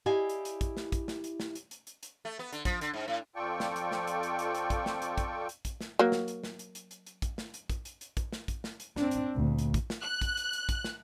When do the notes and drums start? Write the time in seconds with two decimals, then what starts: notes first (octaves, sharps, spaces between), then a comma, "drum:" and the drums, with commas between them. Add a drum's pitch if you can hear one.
0.06 E4 G4 D5 D#5 F5 G#5
0.29 drum: hi-hat
0.45 drum: hi-hat
0.61 drum: kick, hi-hat
0.77 drum: snare
0.92 drum: kick, hi-hat
1.08 drum: snare
1.24 drum: hi-hat
1.40 drum: snare
1.55 drum: hi-hat
1.71 drum: hi-hat
1.87 drum: hi-hat
2.03 drum: hi-hat
2.25 A3
2.39 B3
2.52 D3, drum: hi-hat
2.65 F3, drum: kick, hi-hat
2.81 D3, drum: hi-hat
2.94 G#2
3.08 A2
3.36 F2 F4 A4 D5 G5 C#6
3.60 drum: snare
3.76 drum: hi-hat
3.92 drum: snare
4.07 drum: hi-hat
4.23 drum: hi-hat
4.39 drum: hi-hat
4.55 drum: hi-hat
4.70 drum: kick, hi-hat
4.86 drum: snare
5.02 drum: hi-hat
5.18 drum: kick, hi-hat
5.49 drum: hi-hat
5.65 drum: kick, hi-hat
5.81 drum: snare
5.99 F#3 A#3
6.12 drum: snare
6.28 drum: hi-hat
6.44 drum: snare
6.59 drum: hi-hat
6.75 drum: hi-hat
6.91 drum: hi-hat
7.07 drum: hi-hat
7.22 drum: kick, hi-hat
7.38 drum: snare
7.54 drum: hi-hat
7.70 drum: kick, hi-hat
7.85 drum: hi-hat
8.01 drum: hi-hat
8.17 drum: kick, hi-hat
8.33 drum: snare
8.48 drum: kick, hi-hat
8.64 drum: snare
8.80 drum: hi-hat
8.96 C4 D4, drum: snare
9.11 drum: hi-hat
9.34 D2 A#2
9.58 drum: hi-hat
9.74 drum: kick, hi-hat
9.90 drum: snare
10.02 F#6
10.21 drum: kick, hi-hat
10.37 drum: hi-hat
10.53 drum: hi-hat
10.69 drum: kick, hi-hat
10.84 drum: snare